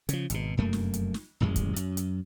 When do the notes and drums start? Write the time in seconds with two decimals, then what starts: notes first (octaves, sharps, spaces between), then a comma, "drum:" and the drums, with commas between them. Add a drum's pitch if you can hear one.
0.09 C#3 F3, drum: hi-hat
0.30 G#1 B2, drum: hi-hat
0.57 F1 F#2 A3 A#3
0.73 drum: snare
0.94 drum: hi-hat
1.14 drum: snare
1.40 D#1 A1 F#2 G#3
1.56 drum: kick, hi-hat
1.76 F#2, drum: hi-hat
1.97 drum: hi-hat